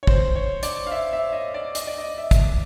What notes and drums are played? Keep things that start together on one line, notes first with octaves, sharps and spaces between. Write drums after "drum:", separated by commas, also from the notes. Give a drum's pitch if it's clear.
C#5
C5, drum: kick
C#5
D5, drum: hi-hat
F5
E5
E5
D#5
D5
D#5, drum: hi-hat
D5
D#5
E5
drum: kick, hi-hat